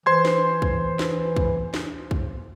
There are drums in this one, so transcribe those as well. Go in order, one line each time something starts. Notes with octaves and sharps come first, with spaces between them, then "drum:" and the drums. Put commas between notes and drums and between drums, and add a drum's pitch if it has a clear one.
E3 C5 C6 G#6
drum: snare
drum: kick
drum: snare
drum: kick
drum: snare
drum: kick